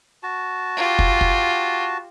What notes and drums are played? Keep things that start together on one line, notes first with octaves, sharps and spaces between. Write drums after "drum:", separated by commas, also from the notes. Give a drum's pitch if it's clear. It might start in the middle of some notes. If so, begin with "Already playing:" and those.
F#4 A5
F4 G4
drum: kick
drum: kick